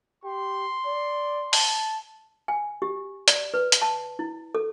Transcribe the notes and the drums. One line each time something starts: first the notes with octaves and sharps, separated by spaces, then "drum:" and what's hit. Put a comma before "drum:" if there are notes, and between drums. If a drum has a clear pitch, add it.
G4 C6
D5
A5, drum: open hi-hat
G#5
G4
D5, drum: hi-hat
B4
drum: hi-hat
A5
E4
A4